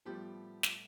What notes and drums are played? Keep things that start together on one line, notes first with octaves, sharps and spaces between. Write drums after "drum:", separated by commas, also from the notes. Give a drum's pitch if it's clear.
A2 F3 G3 B3 G4
drum: snare